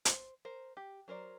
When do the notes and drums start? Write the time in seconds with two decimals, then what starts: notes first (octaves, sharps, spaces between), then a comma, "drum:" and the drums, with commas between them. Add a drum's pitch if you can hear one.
0.05 C5, drum: hi-hat
0.45 A#4 C5
0.77 G4
1.08 F#3 A#4 C5 D5